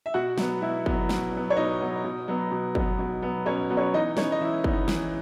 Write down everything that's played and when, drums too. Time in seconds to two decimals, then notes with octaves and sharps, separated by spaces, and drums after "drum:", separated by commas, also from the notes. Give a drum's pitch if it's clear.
0.06 E5
0.14 B2 F#4 F#5
0.38 F#3 B3, drum: snare
0.61 B2 E4 E5
0.86 F#3 B3, drum: kick
1.09 B2, drum: snare
1.32 F#3 B3
1.50 C#5
1.56 B2 D#4 D#5
1.81 F#3 B3
2.04 B2
2.28 F#3 B3
2.51 B2
2.75 F#3 B3, drum: kick
2.99 B2
3.22 F#3 B3
3.46 B2 C#4 C#5
3.70 F#3 B3
3.77 C#4 C#5
3.94 E3 D#4 D#5
4.17 B3 C#4 D#4 C#5, drum: snare
4.32 D#5
4.41 E3 E4 E5
4.64 B3 D#4, drum: kick
4.88 E3, drum: snare